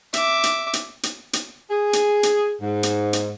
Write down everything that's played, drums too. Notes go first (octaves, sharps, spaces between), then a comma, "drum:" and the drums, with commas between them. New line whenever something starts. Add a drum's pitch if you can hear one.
E5 D6, drum: hi-hat
drum: hi-hat
drum: hi-hat
drum: hi-hat
drum: hi-hat
G#4
drum: hi-hat
drum: hi-hat
G#2
drum: hi-hat
drum: hi-hat